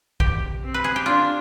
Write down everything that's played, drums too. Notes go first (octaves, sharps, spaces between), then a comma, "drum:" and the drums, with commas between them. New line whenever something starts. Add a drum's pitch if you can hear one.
G4, drum: kick A#1
C4
B4
G#4
G4
D4 F4